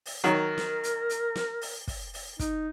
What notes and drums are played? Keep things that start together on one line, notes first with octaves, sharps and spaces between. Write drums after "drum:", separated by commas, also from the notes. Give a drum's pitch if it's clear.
drum: open hi-hat
D#3 F#3 A#4
drum: snare
drum: hi-hat
drum: hi-hat
drum: snare
drum: open hi-hat
drum: kick, open hi-hat
drum: open hi-hat
D#4, drum: kick, hi-hat